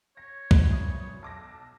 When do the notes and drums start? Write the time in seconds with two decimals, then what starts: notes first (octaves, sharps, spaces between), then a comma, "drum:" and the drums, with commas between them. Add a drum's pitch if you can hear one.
0.17 C#5 A#6
0.51 drum: kick
0.68 G#1 E3 F#3 D#6
1.22 B1 A5 D6 A#6